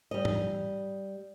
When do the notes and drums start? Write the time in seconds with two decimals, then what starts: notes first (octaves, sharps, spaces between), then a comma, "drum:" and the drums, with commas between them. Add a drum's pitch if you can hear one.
0.11 G3 D#5
0.25 drum: tom G#2